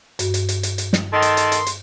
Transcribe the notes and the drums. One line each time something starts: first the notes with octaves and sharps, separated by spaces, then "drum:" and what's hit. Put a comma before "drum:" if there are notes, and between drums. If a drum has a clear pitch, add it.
G2 F#4, drum: hi-hat
drum: hi-hat
drum: hi-hat
drum: hi-hat
drum: hi-hat
drum: snare
D#3 A4 C6
drum: hi-hat
drum: hi-hat
drum: hi-hat
drum: hi-hat